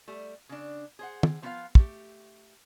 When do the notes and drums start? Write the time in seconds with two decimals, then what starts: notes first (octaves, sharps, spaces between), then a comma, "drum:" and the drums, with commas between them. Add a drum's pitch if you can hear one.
0.08 G3 A3
0.49 C#3 D4
0.99 G#4 C5 F#5
1.23 drum: tom
1.42 F3 B3 C#4 D4 F4 F5
1.75 A3 G4, drum: kick